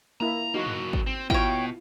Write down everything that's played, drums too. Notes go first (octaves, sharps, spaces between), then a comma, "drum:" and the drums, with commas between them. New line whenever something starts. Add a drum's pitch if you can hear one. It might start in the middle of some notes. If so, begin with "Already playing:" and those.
A#3 E4 A#5
F#3 A#3 D#4 F#4
drum: tom G2
drum: kick G#1
C4
B2 E4 F4 C#5 G5, drum: kick G#1